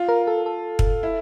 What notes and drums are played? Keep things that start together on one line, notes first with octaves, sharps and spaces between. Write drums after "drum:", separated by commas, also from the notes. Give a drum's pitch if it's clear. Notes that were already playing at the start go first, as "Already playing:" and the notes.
Already playing: F4
A#4
A4
A4
drum: kick
E4